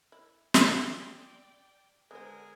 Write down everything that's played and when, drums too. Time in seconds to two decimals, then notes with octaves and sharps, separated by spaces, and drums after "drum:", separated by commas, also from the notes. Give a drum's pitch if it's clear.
0.12 E4
0.54 D5 G5, drum: snare
2.11 D3 G#3 B3 G#4 A#4 C5 G#5